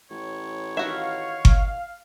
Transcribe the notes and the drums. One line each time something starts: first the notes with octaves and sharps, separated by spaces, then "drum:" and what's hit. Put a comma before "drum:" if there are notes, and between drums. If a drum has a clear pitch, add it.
A1 C#5
D#3 F#4 E5 F5
drum: kick G1